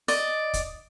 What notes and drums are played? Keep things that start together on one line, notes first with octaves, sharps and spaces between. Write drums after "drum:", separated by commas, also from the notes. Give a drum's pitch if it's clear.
D5 D#5, drum: open hi-hat
drum: kick, hi-hat